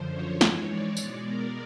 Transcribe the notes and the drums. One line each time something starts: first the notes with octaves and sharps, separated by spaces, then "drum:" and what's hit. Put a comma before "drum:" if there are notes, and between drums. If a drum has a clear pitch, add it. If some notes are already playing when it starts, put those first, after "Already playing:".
Already playing: F#2 D3 F3 C5
C#5
G#2 E3 G#3, drum: snare
D5
B2 G#3, drum: tambourine
A#4